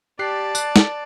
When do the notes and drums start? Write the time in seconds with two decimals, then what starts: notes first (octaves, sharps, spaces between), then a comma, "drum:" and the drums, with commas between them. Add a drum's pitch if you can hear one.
0.19 G4 D5 A5 F#6 C7
0.55 F#6, drum: tambourine
0.76 drum: snare